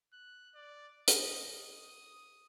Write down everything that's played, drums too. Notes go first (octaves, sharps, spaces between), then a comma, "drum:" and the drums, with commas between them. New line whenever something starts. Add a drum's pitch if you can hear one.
F#6
D5
D#5, drum: hi-hat
D#6